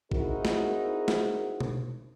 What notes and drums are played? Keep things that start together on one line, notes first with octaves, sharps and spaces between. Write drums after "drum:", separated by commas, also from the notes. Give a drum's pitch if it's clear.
C4 D#4 E4 F#4 G#4 A#4, drum: kick A1
drum: snare
drum: snare
drum: tom B2